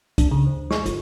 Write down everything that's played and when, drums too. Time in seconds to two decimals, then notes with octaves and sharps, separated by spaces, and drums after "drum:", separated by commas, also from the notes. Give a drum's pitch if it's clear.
0.18 D4, drum: kick C2, hi-hat
0.31 C#3
0.47 D2
0.71 C#6, drum: snare
0.86 G1, drum: hi-hat